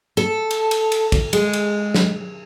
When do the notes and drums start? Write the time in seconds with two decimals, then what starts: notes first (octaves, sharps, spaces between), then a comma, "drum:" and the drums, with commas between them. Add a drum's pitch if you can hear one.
0.17 A4
0.51 drum: cymbal
0.71 drum: cymbal
0.92 drum: cymbal
1.12 drum: kick, cymbal
1.33 G#3, drum: cymbal
1.53 drum: cymbal
1.94 drum: snare